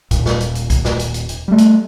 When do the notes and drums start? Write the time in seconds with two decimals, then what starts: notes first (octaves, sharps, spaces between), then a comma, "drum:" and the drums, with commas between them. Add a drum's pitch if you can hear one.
0.11 D#1 A#2, drum: kick B1, hi-hat
0.26 drum: snare
0.40 drum: hi-hat
0.55 drum: hi-hat
0.70 drum: kick B1, hi-hat
0.85 drum: snare
0.99 drum: hi-hat
1.14 drum: hi-hat
1.29 drum: hi-hat
1.48 G3 A3
1.58 drum: hi-hat